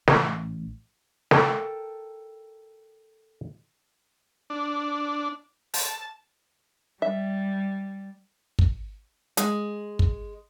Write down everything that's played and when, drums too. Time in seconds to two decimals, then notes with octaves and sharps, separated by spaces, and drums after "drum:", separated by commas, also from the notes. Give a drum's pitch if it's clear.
0.08 A1, drum: snare
1.31 A4 A#4 G5 A5, drum: snare
4.50 D4
5.74 A5, drum: open hi-hat
7.02 G3 E5
8.59 drum: kick
9.37 G#3, drum: hi-hat
9.99 drum: kick